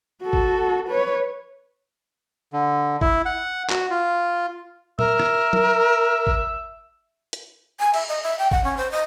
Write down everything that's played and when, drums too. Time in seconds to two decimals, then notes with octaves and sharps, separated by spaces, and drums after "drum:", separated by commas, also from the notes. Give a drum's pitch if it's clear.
0.23 F#4 A4
0.33 drum: kick
0.89 B4 C#5
2.53 D3
3.01 E4, drum: kick
3.25 F#5
3.70 F#4, drum: clap
3.91 F4
4.99 A#4 E5, drum: tom A#2
5.19 drum: rim click
5.53 drum: tom
6.27 drum: kick
7.33 drum: hi-hat
7.80 G#5
7.94 E5, drum: cymbal
8.09 D#5
8.23 E5
8.39 G5
8.51 F#5, drum: kick
8.64 C#4
8.77 C5
8.92 D#5